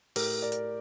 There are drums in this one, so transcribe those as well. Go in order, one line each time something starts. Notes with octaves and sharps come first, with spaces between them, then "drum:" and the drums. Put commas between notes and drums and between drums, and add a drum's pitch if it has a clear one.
A2 G4 A#4, drum: open hi-hat
A#4 D5
drum: hi-hat